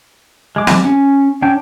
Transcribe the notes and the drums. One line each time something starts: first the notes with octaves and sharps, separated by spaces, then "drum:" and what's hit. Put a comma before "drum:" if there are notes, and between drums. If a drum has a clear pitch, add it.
G#3 D6
drum: snare
C#4
C#4 D4 G5